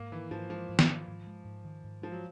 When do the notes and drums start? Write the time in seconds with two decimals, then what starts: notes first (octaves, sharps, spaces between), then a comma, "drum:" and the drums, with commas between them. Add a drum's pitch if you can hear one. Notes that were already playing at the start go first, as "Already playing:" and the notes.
Already playing: G#2 A#3
0.12 D#3 E3
0.31 G#2 F3
0.50 F3 G#3
0.69 G#2
0.79 F3, drum: snare
0.89 D#3
1.08 G#2
1.27 G#3
1.45 G#2
1.65 D#3
1.84 G#2
2.02 F3 G#3
2.12 F#3